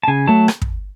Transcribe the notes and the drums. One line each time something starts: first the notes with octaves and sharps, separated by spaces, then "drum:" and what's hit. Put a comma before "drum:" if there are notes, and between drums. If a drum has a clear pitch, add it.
A5
C#3 G#5
F#3 A3 A5
drum: rim click
drum: kick